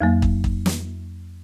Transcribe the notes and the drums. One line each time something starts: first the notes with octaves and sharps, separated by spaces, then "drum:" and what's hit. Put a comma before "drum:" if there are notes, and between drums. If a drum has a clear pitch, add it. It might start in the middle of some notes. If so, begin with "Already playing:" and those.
F2 F#3 A#3
drum: kick
drum: kick
drum: snare